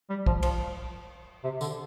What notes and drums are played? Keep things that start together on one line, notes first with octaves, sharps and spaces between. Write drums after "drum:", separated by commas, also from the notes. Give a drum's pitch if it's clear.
G3
F3, drum: kick
F3, drum: cymbal
C3
D3, drum: tambourine